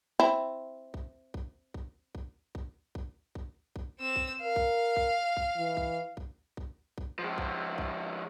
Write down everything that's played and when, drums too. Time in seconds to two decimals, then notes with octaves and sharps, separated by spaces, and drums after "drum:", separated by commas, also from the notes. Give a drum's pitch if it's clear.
0.20 C4 E4
0.94 drum: kick
1.34 drum: kick
1.74 drum: kick
2.15 drum: kick
2.55 drum: kick
2.95 drum: kick
3.35 drum: kick
3.76 drum: kick
4.00 C4 E6
4.16 drum: kick
4.42 A#4 F5
4.56 drum: kick
4.96 drum: kick
5.37 drum: kick
5.57 E3
5.77 drum: kick
6.17 drum: kick
6.57 drum: kick
6.98 drum: kick
7.19 F3 G#3
7.38 drum: kick
7.78 drum: kick